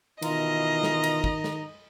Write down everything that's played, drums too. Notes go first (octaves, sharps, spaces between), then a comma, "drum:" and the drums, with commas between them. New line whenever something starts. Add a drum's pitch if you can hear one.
B2 D#3 E3 F4 D#5 A#5, drum: cymbal
drum: snare
drum: cymbal
drum: kick
drum: snare